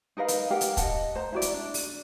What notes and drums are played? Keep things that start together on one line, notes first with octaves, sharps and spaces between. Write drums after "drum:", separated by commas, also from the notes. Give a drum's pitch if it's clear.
D#4 A#4 B4 F5
drum: hi-hat
G4 A#4 F5 F#5
drum: hi-hat
D#5 F#5 A5, drum: kick, hi-hat
C5 A#5
E4 F#4 D5
drum: hi-hat
D4
drum: open hi-hat